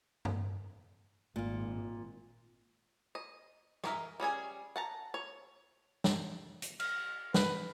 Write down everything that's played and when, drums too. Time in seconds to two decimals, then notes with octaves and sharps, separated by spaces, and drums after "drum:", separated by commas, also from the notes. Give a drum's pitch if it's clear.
0.25 drum: tom G2
1.36 G#1 A#2 F4
3.15 D#5
3.84 G#3 B3 D#4 A#4 E5, drum: rim click
4.20 G3 C#4 G#4 G#5
4.76 F#5 A5 A#5
5.14 C#5
6.04 drum: snare
6.62 drum: hi-hat
6.80 F6, drum: cymbal
7.34 B4, drum: snare